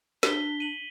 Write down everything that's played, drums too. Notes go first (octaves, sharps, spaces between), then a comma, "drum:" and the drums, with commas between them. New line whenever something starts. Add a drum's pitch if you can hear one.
D4 B6 G7, drum: snare
D#7 F#7